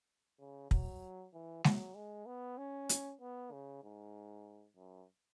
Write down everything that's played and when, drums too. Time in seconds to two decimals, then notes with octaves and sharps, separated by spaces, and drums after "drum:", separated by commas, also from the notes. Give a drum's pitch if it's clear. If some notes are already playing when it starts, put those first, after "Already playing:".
0.39 C#3
0.71 F#3, drum: kick
1.34 E3
1.64 F#3, drum: snare
1.96 G#3
2.26 B3
2.58 C#4
2.89 drum: hi-hat
3.21 B3
3.52 C#3
3.83 G#2
4.76 F#2